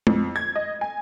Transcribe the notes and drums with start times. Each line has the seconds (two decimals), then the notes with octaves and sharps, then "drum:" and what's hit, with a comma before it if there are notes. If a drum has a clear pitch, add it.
0.07 F2, drum: tom
0.36 G#6
0.56 D#5
0.81 G#5